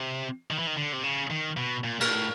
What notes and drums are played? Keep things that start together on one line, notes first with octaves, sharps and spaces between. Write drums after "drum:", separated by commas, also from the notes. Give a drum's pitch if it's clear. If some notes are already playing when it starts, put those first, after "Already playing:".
Already playing: C3
D#3
E3
D#3
D3
C3
C#3
D#3
B2
A#2
A#2, drum: cymbal
A2